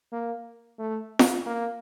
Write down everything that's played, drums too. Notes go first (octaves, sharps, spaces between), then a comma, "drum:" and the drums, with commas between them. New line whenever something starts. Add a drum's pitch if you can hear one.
A#3
A3
drum: snare
A#3